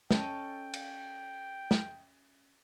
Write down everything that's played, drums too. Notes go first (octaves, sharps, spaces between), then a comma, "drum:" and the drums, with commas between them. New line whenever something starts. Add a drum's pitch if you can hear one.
C#4 A4 D#5 G5, drum: snare
drum: cymbal
drum: snare